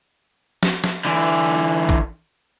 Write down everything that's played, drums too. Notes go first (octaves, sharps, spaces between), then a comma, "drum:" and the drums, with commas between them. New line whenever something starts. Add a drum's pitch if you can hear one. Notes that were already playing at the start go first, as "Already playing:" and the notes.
drum: snare
drum: snare
D3 E3
drum: kick